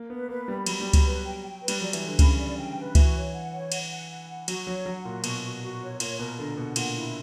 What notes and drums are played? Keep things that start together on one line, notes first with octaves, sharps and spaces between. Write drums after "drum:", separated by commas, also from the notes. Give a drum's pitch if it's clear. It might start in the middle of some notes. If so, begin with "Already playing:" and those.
Already playing: A#3
B3 B4
A#3 B4
G3 B5
F#3 B5, drum: cymbal
G3
B5
F#3, drum: kick C#2, cymbal
B4
G5
G5
B4
G3, drum: cymbal
F#3 D5
E3, drum: cymbal
B4
D3
C#3 B5, drum: kick C#2, cymbal
D5
G5
B4
E3 F#4, drum: kick C#2, cymbal
C#5
F#5
C#5
F#5, drum: cymbal
F#5
F#5
F#5
F#3 F#4, drum: cymbal
F#3 C#5
F#3 F#5
A#2 F#4
B2 F#4, drum: cymbal
F#4
F#4
C#5
A#2 C#5, drum: cymbal
B2 A#4
D3 A#4
B2 F#5
A#2 F#5, drum: cymbal
E4